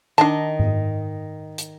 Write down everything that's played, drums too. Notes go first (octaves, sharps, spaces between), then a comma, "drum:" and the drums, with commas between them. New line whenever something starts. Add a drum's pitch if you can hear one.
D#3 D4 D#5 A5
drum: tom G#2
drum: hi-hat